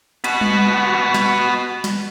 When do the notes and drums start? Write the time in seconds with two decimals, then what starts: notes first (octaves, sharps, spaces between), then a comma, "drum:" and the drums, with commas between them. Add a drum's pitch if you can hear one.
0.24 B3 F#4, drum: hi-hat
0.41 drum: tom G3
1.15 drum: snare
1.84 drum: snare